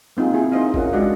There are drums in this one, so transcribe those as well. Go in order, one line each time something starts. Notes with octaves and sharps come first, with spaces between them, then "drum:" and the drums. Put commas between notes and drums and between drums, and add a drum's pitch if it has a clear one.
A#3 C4 D#4 F4 G#4
E4 G#4
D#4 C5 D#5 F5
C#4 F4 A#4 F#5, drum: kick A1
G#3 D4 F#4 D5 D#5 F#5